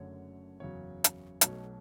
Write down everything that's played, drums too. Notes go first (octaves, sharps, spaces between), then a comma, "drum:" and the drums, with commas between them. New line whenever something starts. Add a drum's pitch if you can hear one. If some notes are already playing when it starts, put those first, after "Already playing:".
Already playing: F#1 F#2 D3 F#3 A3 C#5
F#1 E2 C#3 F#3 C#5
drum: hi-hat
B1 B2 F#3 A3 C#5, drum: hi-hat